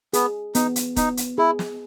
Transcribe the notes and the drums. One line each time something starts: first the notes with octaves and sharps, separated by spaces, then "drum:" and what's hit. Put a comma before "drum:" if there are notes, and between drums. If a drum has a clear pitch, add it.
B3 G#4, drum: hi-hat
B3 D#4, drum: hi-hat
drum: hi-hat
B3 D#4, drum: kick, hi-hat
drum: hi-hat
E4 G#4
drum: snare